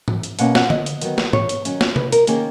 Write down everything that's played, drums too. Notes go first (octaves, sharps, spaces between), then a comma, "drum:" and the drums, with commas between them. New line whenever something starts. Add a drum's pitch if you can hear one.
drum: tom
drum: hi-hat
B2 A#3 C#4 F#5, drum: hi-hat
F#5, drum: snare
D#5, drum: tom D3
drum: hi-hat
D#3 F#3 B3, drum: hi-hat
drum: snare
C#5, drum: tom
drum: hi-hat
D#3 F#3 C#4, drum: hi-hat
drum: snare
B4, drum: tom C3
A#4, drum: hi-hat
D#3 A#3 C#4 G#4, drum: hi-hat